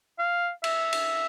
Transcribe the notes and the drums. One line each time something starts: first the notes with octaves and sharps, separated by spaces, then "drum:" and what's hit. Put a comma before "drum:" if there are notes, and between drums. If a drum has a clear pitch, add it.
F5
E5, drum: cymbal
drum: cymbal